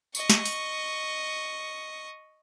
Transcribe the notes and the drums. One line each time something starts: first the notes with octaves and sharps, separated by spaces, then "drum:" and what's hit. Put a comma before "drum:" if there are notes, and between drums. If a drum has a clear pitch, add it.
D#5 C#6, drum: tambourine
drum: snare
drum: open hi-hat